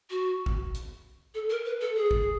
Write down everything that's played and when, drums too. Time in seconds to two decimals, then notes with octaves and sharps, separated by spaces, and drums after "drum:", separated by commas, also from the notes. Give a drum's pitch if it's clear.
0.10 F#4
0.46 drum: kick A#1
0.75 drum: hi-hat
1.34 A4
1.50 A#4
1.65 B4
1.81 A4
1.97 G#4
2.11 drum: kick A#1